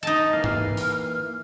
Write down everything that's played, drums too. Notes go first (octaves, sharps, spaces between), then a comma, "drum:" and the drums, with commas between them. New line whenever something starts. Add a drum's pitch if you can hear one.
D#4 D#5 A5
E3 A#3 F5 F6
drum: tom G#2
drum: open hi-hat